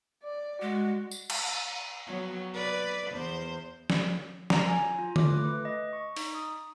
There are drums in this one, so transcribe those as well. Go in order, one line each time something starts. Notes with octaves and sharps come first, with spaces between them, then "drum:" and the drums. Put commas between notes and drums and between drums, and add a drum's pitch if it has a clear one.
D5
G#3 F#4
drum: tambourine
drum: cymbal
F#3 B3
B4 D5
E2 C5
drum: snare
A#5, drum: snare
G#5
F4
F4
D6, drum: tom D3
A3
B4
D#5
C#6
D#4, drum: open hi-hat
D#6